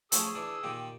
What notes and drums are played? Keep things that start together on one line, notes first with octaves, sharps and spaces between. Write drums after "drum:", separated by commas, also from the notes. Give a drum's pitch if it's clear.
F3 A3 C#4 G#4 D#6 E6, drum: hi-hat
E3 D4
A#2 D#3 G4